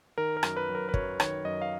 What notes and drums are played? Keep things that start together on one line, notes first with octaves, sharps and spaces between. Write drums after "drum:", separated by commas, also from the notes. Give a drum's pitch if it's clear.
D#3 A#4
A#4
F#2, drum: rim click
B4
F#3
A#4
B4
F#2 C#5, drum: kick
D#3 C#5, drum: rim click
F#2 D#5
F5